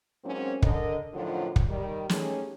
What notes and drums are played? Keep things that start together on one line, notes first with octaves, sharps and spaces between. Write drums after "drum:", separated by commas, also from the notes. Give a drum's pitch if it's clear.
G#2 F#3 A#3 C4 C#4
D3 A#4 D#5, drum: kick
F#2 A2 D3 D#3 F3 F#3
drum: kick
D#3 G3
A3 C#4 D#4 G4 G#4, drum: snare